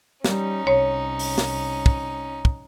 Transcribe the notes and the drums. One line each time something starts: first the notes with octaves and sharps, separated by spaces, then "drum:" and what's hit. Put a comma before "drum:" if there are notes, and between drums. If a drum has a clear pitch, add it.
G3 C#4 D#4, drum: snare
C2 C#5
drum: open hi-hat
drum: snare
drum: kick
drum: kick